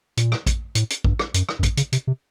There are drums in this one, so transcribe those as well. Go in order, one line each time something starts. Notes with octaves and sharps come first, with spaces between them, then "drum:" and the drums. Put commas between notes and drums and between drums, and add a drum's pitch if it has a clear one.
A#2, drum: hi-hat
drum: rim click
drum: kick A1, hi-hat
A2, drum: hi-hat
drum: hi-hat
G2, drum: kick A1
drum: rim click
F#2, drum: hi-hat
drum: rim click
F#2
G2, drum: kick A1, hi-hat
C#3, drum: hi-hat
C3, drum: hi-hat
C3